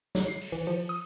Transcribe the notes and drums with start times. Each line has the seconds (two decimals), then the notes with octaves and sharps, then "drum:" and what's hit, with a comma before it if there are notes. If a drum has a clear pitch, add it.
0.15 F#3, drum: snare
0.28 C7
0.41 drum: open hi-hat
0.52 E3
0.67 F3
0.89 D#6